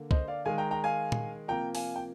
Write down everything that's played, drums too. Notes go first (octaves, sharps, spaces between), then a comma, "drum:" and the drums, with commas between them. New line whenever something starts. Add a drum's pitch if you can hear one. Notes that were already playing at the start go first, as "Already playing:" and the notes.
Already playing: D3 A#3
C5 D#5, drum: kick
D5 F5
D#3 G#3 F5 G#5
G5 A#5
G5 A#5
F5 G#5
drum: tom A#2
C3 F3 A#3 G5 A#5
F5 G#5, drum: open hi-hat
G5